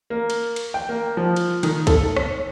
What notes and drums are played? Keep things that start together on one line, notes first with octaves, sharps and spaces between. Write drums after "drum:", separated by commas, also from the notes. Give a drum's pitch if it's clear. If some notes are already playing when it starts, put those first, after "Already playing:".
A#3
drum: cymbal
drum: cymbal
G5
A#3
F3
drum: cymbal
D#3, drum: cymbal
A4, drum: kick C2, cymbal
drum: rim click